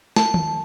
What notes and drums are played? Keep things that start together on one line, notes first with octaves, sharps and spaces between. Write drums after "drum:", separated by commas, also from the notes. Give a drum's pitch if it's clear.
A5, drum: snare
drum: tom D#3